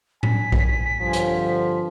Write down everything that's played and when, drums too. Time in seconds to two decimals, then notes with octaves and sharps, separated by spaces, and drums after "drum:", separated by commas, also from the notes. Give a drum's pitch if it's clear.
0.23 G#5 B6, drum: tom A2
0.52 drum: kick A#1
1.00 G2 D3 F3 C4
1.13 drum: hi-hat